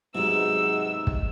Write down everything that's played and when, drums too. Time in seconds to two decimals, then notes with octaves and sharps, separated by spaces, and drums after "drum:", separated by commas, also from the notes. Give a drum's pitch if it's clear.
0.15 G#2 C3 F#3 G#3 B3 D#4 G#4 E6
1.07 drum: kick